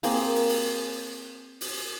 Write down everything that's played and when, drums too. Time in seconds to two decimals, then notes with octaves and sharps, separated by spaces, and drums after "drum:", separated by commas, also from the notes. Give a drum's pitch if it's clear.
0.03 A#3 C4 G#4, drum: open hi-hat
0.35 drum: open hi-hat
0.49 drum: open hi-hat
1.61 drum: open hi-hat